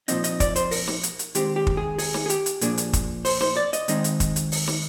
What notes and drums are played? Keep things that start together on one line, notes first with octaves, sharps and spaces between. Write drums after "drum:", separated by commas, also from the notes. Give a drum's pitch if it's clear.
A#2 F3 C4 D#4 D#5, drum: hi-hat
D#5, drum: hi-hat
D5, drum: kick, hi-hat
C5, drum: hi-hat
A#4, drum: open hi-hat
drum: snare
drum: hi-hat
drum: hi-hat
D#3 G#3 C4 G4, drum: hi-hat
G4
drum: kick
G#4
G#4, drum: open hi-hat
drum: snare
G#4
G4, drum: hi-hat
drum: hi-hat
A#2 F3 A#3 D4 G#4, drum: hi-hat
drum: hi-hat
drum: kick, hi-hat
C5, drum: open hi-hat
C5, drum: snare
D5
D#5, drum: hi-hat
D#3 G#3 C4 D#4 D#5, drum: hi-hat
drum: hi-hat
drum: kick, hi-hat
drum: hi-hat
drum: open hi-hat
drum: snare